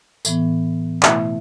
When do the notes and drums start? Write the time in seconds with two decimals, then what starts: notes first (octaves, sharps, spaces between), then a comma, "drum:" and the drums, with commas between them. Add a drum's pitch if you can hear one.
0.25 A2 E3 B3, drum: tambourine
1.03 B2 A3 E4 E5, drum: clap